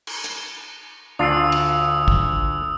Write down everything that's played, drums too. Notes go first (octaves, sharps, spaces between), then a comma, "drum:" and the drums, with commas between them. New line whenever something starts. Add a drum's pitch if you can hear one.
drum: cymbal
drum: hi-hat
D2 D4 F4 D#6 E6
drum: cymbal
drum: kick